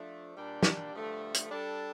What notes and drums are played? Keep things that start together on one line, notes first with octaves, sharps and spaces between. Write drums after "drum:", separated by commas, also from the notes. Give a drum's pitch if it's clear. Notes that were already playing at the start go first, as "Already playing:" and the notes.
Already playing: F3 A3 D4
A#2 G3 D4
drum: snare
G2 D3 F3 A3
drum: hi-hat
G3 D4 A4